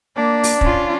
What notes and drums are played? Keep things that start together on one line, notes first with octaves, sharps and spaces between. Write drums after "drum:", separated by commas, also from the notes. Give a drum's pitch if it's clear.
A#3 D4
drum: open hi-hat
C#4 F4, drum: kick